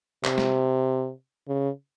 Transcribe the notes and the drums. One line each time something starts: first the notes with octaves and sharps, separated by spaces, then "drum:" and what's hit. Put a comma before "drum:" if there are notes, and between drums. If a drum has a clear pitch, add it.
C3, drum: clap
drum: snare
C#3